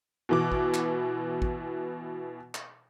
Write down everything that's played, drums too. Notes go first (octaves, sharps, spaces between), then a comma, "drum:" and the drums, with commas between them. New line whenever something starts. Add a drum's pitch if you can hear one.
B2 E3 D6
drum: kick
drum: clap
drum: kick
drum: clap